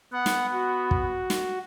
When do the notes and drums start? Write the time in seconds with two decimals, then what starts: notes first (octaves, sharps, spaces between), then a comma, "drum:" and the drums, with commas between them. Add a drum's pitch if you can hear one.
0.13 B3 F#5
0.26 drum: snare
0.51 F#4
0.91 drum: kick
1.30 drum: snare